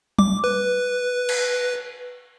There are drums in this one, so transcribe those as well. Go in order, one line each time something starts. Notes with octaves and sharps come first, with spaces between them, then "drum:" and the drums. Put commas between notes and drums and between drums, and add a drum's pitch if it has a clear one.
D6, drum: tom
B4
drum: cymbal